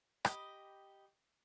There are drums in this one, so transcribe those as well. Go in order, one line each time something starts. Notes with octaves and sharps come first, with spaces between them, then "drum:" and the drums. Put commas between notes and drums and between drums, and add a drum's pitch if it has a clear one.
D#4 G4 D#5 B5, drum: rim click